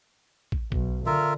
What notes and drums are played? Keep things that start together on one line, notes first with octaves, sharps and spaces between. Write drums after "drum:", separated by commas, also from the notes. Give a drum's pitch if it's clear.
drum: kick
B1, drum: kick
D3 F4 A#4 E5